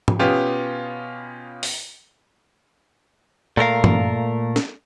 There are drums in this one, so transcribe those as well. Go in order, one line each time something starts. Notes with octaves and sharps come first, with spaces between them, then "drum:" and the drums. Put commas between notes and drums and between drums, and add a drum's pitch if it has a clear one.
drum: tom
B2 B3 C#4 F4 G4
drum: open hi-hat
A#2 A3 A#4 F5
drum: tom
drum: snare